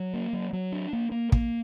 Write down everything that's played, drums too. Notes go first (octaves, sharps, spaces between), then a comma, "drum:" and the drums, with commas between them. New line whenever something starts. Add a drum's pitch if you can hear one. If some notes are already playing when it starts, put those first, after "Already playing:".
Already playing: F#3
A#3
F#3
F#3
D4
A#3
A#3
A#3, drum: kick